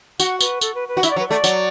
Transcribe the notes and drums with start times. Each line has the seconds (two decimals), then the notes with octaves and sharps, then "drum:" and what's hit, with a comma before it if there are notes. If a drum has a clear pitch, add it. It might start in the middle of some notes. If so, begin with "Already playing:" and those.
0.20 F#4 F#5, drum: tambourine
0.41 B4, drum: tambourine
0.61 A4, drum: tambourine
0.75 B4
0.88 B4
0.97 F#4
1.03 E4 E5, drum: tambourine
1.10 D5
1.16 F#3
1.19 B4
1.29 A3 D5
1.44 F#3, drum: tambourine